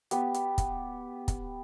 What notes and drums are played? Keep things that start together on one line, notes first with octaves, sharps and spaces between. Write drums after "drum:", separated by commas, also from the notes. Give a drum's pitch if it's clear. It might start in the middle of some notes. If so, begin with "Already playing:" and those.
B3 G4, drum: hi-hat
drum: hi-hat
drum: kick, hi-hat
drum: kick, hi-hat